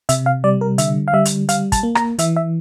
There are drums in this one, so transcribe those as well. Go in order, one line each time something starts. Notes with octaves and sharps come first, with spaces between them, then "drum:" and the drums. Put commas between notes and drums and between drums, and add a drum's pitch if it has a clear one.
C3 E5, drum: hi-hat
F5
G3 D5
A#4
D3 E5, drum: hi-hat
F5
G3 E5
drum: hi-hat
G3 F5, drum: hi-hat
A5, drum: kick, hi-hat
A#3
A#5, drum: rim click
E3 E5, drum: hi-hat
E5